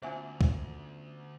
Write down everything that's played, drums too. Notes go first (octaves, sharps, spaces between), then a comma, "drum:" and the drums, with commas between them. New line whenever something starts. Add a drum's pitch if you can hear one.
D2 B3 C#4 F4 C5 E5 G#5
drum: kick